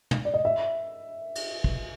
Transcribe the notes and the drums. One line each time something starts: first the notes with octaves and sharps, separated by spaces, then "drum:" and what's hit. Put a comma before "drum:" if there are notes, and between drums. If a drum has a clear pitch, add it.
drum: tom
D5
D#5
E5
drum: cymbal
drum: kick